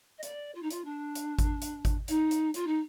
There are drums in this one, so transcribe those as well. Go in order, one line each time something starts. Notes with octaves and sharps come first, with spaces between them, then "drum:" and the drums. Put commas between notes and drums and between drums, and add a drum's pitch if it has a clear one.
D#5
D5, drum: hi-hat
F4
D#4
F4, drum: hi-hat
D4
drum: hi-hat
drum: kick G#1, hi-hat
drum: hi-hat
drum: kick G#1, hi-hat
D#4, drum: hi-hat
drum: hi-hat
F4, drum: hi-hat
D#4